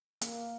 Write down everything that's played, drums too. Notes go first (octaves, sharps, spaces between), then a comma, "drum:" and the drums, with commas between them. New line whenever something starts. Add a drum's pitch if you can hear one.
A#3, drum: hi-hat